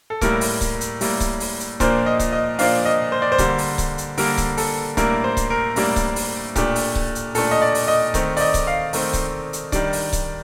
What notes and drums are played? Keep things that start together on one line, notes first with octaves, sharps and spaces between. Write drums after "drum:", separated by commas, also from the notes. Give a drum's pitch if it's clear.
A4
A2 G3 A#3 A#4, drum: kick C#1, hi-hat
drum: open hi-hat
drum: kick C#1, hi-hat
drum: hi-hat
A2 G3 A#3, drum: open hi-hat
drum: kick C#1, hi-hat
drum: open hi-hat
drum: hi-hat
A#2 F3 A#3 D4 C5, drum: kick C#1, hi-hat
D#5
drum: kick C#1, hi-hat
D#5
A#2 F3 A#3 D4 F5, drum: open hi-hat
D#5
C5
D5
C5
D3 G3 A#3, drum: kick C#1, hi-hat
drum: open hi-hat
drum: kick C#1, hi-hat
drum: hi-hat
D3 G3 A#3 A#4, drum: open hi-hat
drum: kick C#1, hi-hat
A4, drum: open hi-hat
A2 G3 A#3 D4 A#4, drum: kick C#1, hi-hat
C5
drum: kick C#1, hi-hat
A#4
A2 G3 A#3 D4, drum: open hi-hat
drum: kick C#1, hi-hat
drum: open hi-hat
A#2 A3 D4 G4, drum: kick C#1, hi-hat
drum: open hi-hat
drum: kick C#1
drum: hi-hat
A#2 A3 D4 A4, drum: open hi-hat
D#5
D5
drum: open hi-hat
D#5
D#3 A3 C4, drum: kick C#1, hi-hat
D5, drum: open hi-hat
D#5
drum: kick C#1, hi-hat
F5
D#3 A3 C4, drum: open hi-hat
drum: kick C#1, hi-hat
drum: hi-hat
D#3 G3 D4, drum: kick C#1, hi-hat
drum: open hi-hat
drum: kick C#1, hi-hat